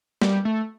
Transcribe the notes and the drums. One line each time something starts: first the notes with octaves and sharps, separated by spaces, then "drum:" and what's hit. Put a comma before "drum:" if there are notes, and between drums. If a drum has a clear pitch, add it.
G3, drum: snare
A3